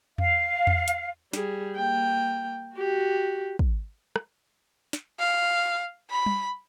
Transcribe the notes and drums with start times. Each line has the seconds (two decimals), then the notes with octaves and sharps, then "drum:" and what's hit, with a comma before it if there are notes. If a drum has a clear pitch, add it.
0.18 F5, drum: tom E2
0.67 drum: tom E2
0.88 drum: hi-hat
1.33 G3 G#4, drum: snare
1.76 A#3 G5
2.76 F#4 G4
3.59 drum: kick
4.16 drum: rim click
4.93 drum: snare
5.19 F5
6.10 B5
6.26 drum: tom G3